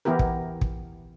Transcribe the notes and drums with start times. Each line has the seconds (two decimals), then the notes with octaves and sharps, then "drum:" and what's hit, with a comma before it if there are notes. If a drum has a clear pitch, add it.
0.05 E3 B3 E4 G4 A#4
0.19 drum: kick
0.61 drum: kick